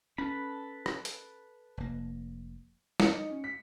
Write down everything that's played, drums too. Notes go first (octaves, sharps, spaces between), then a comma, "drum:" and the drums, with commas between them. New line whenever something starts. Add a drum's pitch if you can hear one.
C#4 A4 B4 B5
drum: rim click
drum: hi-hat
F1 A#3
C#7, drum: snare
D#4
C#4
B6